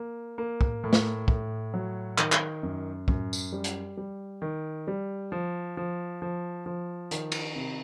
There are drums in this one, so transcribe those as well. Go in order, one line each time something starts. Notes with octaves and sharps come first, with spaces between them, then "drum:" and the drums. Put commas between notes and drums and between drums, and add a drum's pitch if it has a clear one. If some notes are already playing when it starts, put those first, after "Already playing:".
Already playing: A#3
A#3
drum: kick
A2
drum: snare
A2, drum: kick
F#3
D#3, drum: clap
drum: clap
F#2
F#2, drum: kick
drum: tambourine
G3
drum: hi-hat
G3
D#3
G3
F3
F3
F3
F3
D#3, drum: hi-hat
drum: cymbal
C3